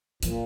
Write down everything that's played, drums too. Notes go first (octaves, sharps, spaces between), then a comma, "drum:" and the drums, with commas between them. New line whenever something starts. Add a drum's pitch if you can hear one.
A#2 F3, drum: hi-hat